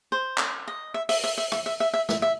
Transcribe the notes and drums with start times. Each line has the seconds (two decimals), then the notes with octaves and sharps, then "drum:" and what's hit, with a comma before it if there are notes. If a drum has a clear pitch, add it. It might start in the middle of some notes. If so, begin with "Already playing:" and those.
0.12 C5
0.38 drum: clap
0.68 D#5
0.94 E5
1.09 E5, drum: open hi-hat
1.24 E5
1.38 E5
1.52 E5, drum: rim click
1.66 E5
1.80 E5
1.94 E5
2.09 E5, drum: snare
2.22 E5